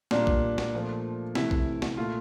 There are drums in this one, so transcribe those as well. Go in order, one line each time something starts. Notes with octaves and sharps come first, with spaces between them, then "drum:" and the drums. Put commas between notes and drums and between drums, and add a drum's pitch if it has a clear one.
A#2 G3 A#3 D4, drum: snare
drum: kick A#1
drum: snare
A#2 F3 A3
C3 E3 A3 E4, drum: snare
drum: kick A#1
drum: snare
A#2 A3 F4